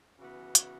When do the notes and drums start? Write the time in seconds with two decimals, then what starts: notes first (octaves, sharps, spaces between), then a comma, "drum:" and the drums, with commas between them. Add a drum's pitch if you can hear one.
0.19 C#3 E3 B3 F#4
0.55 drum: hi-hat